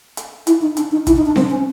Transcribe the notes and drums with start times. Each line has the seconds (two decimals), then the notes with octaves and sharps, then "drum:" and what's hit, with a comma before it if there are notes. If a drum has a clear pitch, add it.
0.17 drum: hi-hat
0.47 E4, drum: hi-hat
0.62 D#4
0.77 D4, drum: hi-hat
0.92 D#4
1.07 E4, drum: kick, hi-hat
1.16 D#4
1.26 D4
1.36 C4, drum: snare C4
1.50 C#4